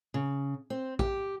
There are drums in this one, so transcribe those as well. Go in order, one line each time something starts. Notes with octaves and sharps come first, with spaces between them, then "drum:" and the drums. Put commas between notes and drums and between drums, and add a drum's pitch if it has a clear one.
C#3
C4
G4, drum: kick